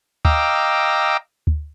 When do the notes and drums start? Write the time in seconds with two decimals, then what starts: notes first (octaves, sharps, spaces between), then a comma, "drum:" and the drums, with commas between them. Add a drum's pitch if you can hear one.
0.25 D#5 F5 G5 A#5 D6 E6, drum: kick D2
1.47 drum: kick D2